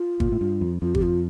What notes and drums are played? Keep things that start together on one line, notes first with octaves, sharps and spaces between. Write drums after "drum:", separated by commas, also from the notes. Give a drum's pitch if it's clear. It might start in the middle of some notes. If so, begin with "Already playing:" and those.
Already playing: F4
A#2, drum: kick
A2
G2
F2
F2 F4
G4, drum: kick
F4